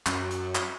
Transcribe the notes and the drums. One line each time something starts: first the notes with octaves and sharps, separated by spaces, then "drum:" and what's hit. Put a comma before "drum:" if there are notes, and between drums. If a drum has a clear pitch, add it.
F#2, drum: clap
drum: hi-hat
drum: clap